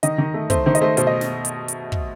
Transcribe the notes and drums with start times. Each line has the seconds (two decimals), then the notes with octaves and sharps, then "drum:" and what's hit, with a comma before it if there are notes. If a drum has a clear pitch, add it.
0.03 D#3 D#5, drum: hi-hat
0.18 D#3
0.34 A3
0.50 A3 C5, drum: kick, hi-hat
0.66 D#3 C5
0.75 D#5, drum: hi-hat
0.81 A3 C5
0.97 B2 C5, drum: hi-hat
1.07 D#5
1.21 drum: snare
1.45 drum: hi-hat
1.68 drum: hi-hat
1.92 drum: kick